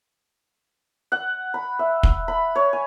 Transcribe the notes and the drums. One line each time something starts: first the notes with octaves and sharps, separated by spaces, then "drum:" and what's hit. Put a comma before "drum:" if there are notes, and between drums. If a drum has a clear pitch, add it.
F#5
B5
E5
drum: kick
B5
C#5
G#5